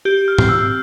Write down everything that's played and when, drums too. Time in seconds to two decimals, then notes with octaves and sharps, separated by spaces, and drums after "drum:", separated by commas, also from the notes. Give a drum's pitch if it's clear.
0.05 G4 G6
0.28 F6
0.38 C4, drum: tom
0.49 E6